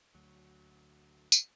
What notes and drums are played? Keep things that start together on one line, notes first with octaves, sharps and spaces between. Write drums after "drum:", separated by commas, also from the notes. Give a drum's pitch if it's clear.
D2 F#3
drum: tambourine